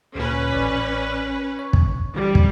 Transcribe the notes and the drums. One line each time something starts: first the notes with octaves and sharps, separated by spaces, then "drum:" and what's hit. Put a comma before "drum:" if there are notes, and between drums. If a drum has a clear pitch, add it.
D2 A#2 C#4 B4
A1 D5 B6
C#5
drum: kick
D3 E3 G3
drum: kick